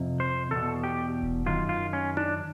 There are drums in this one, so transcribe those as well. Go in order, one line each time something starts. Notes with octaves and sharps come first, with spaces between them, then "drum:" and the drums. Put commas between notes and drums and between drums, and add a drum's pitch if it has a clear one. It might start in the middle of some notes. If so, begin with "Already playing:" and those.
Already playing: F2 C3
C5
E2 B2 A4
G4
drum: kick D#1
F#2 D#3 F4
F4
C#4
D4, drum: tom D#4